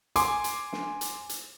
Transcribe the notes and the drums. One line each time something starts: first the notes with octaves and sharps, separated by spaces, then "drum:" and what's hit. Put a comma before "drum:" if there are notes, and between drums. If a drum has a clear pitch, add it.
G#5 C6 D6, drum: hi-hat
drum: hi-hat
drum: snare
drum: hi-hat
drum: hi-hat